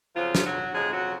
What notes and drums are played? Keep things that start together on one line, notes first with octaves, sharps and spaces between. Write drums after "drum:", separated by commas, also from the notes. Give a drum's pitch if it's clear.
F2 C#3 F3 F#3 F4
drum: snare
F#3 F#4
F2 C#3 F#3 G#3 G#4
F#3 F#4